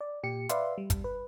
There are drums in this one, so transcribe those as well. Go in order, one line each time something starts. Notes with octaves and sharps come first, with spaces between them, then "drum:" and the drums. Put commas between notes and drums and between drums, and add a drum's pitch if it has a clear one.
D5
A#2 G4 C#7
B4 D5 E5 F5 C6, drum: hi-hat
G3
drum: kick, hi-hat
B4